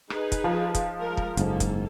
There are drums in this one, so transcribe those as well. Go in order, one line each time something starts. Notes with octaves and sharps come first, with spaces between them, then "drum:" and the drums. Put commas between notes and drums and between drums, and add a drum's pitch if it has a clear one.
D#4 G#4 B4, drum: rim click
drum: kick, hi-hat
F3
drum: kick, hi-hat
G#3 A#4
drum: kick
F#1 G#2 A#3 A4, drum: hi-hat
drum: kick, hi-hat